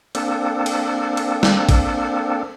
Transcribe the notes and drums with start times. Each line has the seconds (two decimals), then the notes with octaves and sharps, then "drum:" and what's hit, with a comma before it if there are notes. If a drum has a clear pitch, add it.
0.15 A#3 C4 D4 A4, drum: cymbal
0.66 drum: cymbal
1.17 drum: cymbal
1.43 drum: snare
1.69 drum: kick A1, cymbal